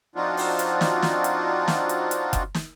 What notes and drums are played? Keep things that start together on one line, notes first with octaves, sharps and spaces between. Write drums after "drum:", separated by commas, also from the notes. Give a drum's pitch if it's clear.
F3 C4 D4 D#4 F4 F#4
drum: open hi-hat
drum: hi-hat
drum: snare
drum: snare
drum: hi-hat
drum: snare
drum: hi-hat
drum: hi-hat
drum: kick F#1, hi-hat
drum: snare